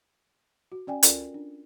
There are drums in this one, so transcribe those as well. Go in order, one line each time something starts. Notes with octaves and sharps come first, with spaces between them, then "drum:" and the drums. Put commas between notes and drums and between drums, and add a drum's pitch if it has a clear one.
F#4
C#4 D5 G5 G#5
C#4 F4 A4 A#4 D5, drum: hi-hat
D4